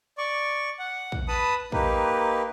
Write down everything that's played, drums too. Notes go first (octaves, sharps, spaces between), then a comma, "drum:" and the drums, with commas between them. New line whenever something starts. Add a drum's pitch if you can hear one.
D5 C#6
F#5
drum: kick
B4 A5 B5 D#6
A#3 D#4 G4 B4, drum: kick